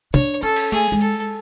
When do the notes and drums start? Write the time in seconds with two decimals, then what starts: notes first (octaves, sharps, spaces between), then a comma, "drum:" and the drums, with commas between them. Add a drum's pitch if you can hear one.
0.14 D4 C#5, drum: tom
0.42 C#4 A4
0.56 drum: cymbal
0.72 A3 G#4
0.92 G#3
1.01 A4